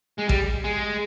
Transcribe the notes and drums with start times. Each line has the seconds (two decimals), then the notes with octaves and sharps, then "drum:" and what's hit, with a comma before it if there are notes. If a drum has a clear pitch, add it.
0.19 G#3
0.29 G3, drum: kick A1
0.65 G#3